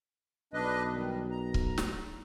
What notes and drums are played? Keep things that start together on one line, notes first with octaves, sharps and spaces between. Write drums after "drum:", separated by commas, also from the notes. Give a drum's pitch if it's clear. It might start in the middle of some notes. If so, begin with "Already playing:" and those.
B1 D4 B4 D#5
D#3 G3
A#5
drum: kick C#1
drum: snare